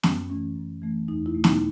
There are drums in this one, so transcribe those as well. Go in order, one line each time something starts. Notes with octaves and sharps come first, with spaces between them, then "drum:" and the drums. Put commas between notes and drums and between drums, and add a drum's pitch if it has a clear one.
F#2 C#4, drum: snare
E3 A3 C#4
F#2
E3 A3
E2 D#4
E4
B2 A3
D#4, drum: snare